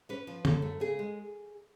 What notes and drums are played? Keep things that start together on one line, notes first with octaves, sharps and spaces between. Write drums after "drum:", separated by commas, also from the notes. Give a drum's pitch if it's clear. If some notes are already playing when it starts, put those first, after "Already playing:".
C#4 B4
F3
F#2 A4, drum: tom D3
A3
C#3 G#4
G#3